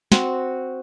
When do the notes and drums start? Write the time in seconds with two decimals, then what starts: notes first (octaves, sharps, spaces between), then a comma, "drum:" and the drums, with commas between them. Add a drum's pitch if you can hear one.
0.12 C4 F#4, drum: snare